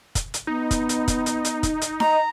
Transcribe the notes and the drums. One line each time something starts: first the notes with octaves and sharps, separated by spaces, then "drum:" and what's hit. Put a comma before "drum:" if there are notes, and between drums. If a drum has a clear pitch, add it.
drum: kick, hi-hat
drum: hi-hat
B3 D#4
drum: kick, hi-hat
drum: hi-hat
drum: kick, hi-hat
drum: hi-hat
drum: hi-hat
drum: kick, hi-hat
drum: hi-hat
D#5 A#5, drum: snare D#4